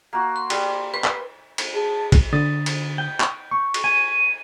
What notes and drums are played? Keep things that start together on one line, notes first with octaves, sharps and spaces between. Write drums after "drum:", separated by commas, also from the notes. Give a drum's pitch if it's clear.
A#3 F#4
C6
G3 E6, drum: cymbal
B4 C6
drum: clap
drum: cymbal
G#4 A5
drum: kick, cymbal
D3 D#6 A6
drum: cymbal
G5
drum: clap
C#6
drum: cymbal
G#5